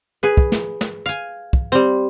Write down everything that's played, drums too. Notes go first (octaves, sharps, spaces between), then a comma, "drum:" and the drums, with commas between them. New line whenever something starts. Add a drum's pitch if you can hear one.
G#4 B4
drum: kick
drum: snare
drum: snare
F5 G#5
drum: kick
G3 C4